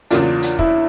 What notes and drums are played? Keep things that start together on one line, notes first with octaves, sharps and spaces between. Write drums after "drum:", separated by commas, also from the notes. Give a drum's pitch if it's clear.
E2 C#3 F#3 A#3 D4 F4, drum: hi-hat
drum: hi-hat
E4, drum: kick